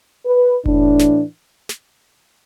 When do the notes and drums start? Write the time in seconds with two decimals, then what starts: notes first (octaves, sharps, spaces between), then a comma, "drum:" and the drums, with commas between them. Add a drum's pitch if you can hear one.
0.26 B4
0.66 A2 E3 D4, drum: kick F1
0.99 drum: snare
1.69 drum: snare